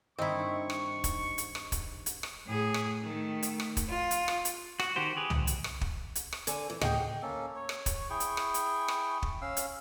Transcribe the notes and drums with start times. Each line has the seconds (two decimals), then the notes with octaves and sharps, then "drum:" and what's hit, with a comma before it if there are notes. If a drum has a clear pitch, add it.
0.18 G2 D#3 C4 D#4 E4 C#6
0.70 drum: rim click
1.04 drum: kick, hi-hat
1.38 drum: hi-hat
1.55 drum: rim click
1.72 drum: kick, hi-hat
2.06 drum: hi-hat
2.23 drum: rim click
2.46 A2 G#4
2.74 drum: rim click
3.02 D#3 A3
3.43 drum: hi-hat
3.60 drum: rim click
3.77 drum: kick, hi-hat
3.89 F4
4.11 drum: hi-hat
4.28 drum: rim click
4.45 drum: hi-hat
4.80 F#4, drum: rim click
4.96 D#3 F#4 G4 C5
5.17 G4 G#4 B4
5.30 drum: tom
5.47 drum: hi-hat
5.64 drum: rim click
5.81 drum: kick
6.15 drum: hi-hat
6.33 drum: rim click
6.47 D3 A4 G#5, drum: hi-hat
6.70 E3
6.81 D2 A2 C#3 G#4 D#5 F#5 G5, drum: rim click
7.22 A#3 C#4 A4
7.56 C#5
7.69 drum: rim click
7.86 drum: kick, hi-hat
8.10 E4 G#4 G5 C#6
8.20 drum: hi-hat
8.37 drum: rim click
8.54 drum: hi-hat
8.88 drum: rim click
9.22 drum: kick
9.42 C#4 F5 E6
9.57 drum: hi-hat